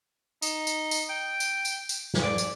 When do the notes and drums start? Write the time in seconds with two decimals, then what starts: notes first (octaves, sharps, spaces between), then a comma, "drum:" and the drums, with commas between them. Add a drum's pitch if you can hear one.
0.42 D#4, drum: tambourine
0.67 drum: tambourine
0.91 drum: tambourine
1.10 G5
1.40 drum: tambourine
1.65 drum: tambourine
1.89 drum: tambourine
2.14 drum: snare
2.23 D5
2.38 drum: tambourine